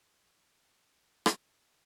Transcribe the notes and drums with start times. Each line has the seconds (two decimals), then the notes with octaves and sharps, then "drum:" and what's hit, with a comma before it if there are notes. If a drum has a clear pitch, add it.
0.22 D4 F#5 A#5 D6
0.90 F3 C#5 F#5
1.26 drum: rim click